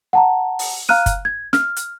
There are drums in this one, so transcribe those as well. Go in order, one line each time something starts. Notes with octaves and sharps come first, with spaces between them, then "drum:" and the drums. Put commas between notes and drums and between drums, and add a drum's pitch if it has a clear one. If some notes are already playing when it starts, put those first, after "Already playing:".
F#5 A5 A#5
drum: open hi-hat
F5 A#5 F6 F#6 D#7
drum: kick, hi-hat
G#6
F6, drum: snare
drum: hi-hat